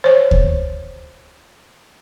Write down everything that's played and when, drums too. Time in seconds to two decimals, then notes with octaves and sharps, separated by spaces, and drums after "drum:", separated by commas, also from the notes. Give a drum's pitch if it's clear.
0.04 C5 C#5
0.31 drum: kick D2